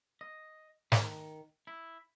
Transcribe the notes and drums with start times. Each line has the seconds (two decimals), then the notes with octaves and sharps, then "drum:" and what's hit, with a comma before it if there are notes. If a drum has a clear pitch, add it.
0.21 D#5
0.92 D#3, drum: snare
1.67 E4